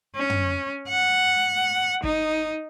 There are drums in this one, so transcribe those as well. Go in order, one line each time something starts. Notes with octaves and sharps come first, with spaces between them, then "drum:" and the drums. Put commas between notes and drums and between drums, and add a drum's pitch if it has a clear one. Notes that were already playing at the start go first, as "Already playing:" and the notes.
C#4
drum: tom
F#5
D#4, drum: kick